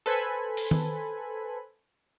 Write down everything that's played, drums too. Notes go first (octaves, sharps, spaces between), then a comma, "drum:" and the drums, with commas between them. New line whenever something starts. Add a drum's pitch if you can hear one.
A4 B4 C5 G#5 B5
drum: open hi-hat
drum: tom D#3